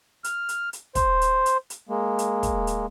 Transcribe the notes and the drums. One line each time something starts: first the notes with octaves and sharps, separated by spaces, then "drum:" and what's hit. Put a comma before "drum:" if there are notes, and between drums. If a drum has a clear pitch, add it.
F6, drum: hi-hat
drum: hi-hat
drum: hi-hat
C5, drum: kick, hi-hat
drum: hi-hat
drum: hi-hat
drum: hi-hat
G#3 A#3
drum: hi-hat
drum: kick, hi-hat
drum: hi-hat